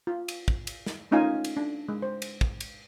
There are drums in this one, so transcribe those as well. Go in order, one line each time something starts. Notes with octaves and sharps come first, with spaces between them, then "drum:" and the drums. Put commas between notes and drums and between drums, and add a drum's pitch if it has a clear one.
F4
drum: cymbal
drum: kick
drum: cymbal
drum: snare
A3 C#4 D#4 F4 F5 G#5
drum: cymbal
D4
G#3
C5
drum: cymbal
drum: kick
drum: cymbal